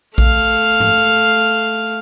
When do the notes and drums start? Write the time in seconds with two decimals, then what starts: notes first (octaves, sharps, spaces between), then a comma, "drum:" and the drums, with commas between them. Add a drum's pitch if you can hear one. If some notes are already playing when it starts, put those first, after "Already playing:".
0.18 A3 F5, drum: kick A#1
0.80 drum: tom G#2